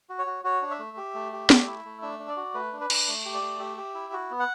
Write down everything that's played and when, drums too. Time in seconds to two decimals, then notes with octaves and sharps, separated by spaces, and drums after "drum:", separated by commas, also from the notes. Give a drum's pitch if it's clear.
0.09 F#4
0.19 C#5
0.26 F#4
0.44 F#4 C#5
0.62 D4
0.71 E5
0.79 A3
0.97 G4
1.15 A3
1.32 G4
1.50 A3, drum: snare B3
1.67 E4
1.85 A3
2.02 D4 E5
2.19 D4
2.28 D5
2.37 F#4
2.54 A3 B4
2.73 D4
2.81 B4
2.90 D4, drum: cymbal
3.08 A3
3.25 G4
3.34 D5
3.42 A3
3.60 G4 E5
3.77 G4
3.95 E4
4.13 F#4
4.31 B3
4.40 F#5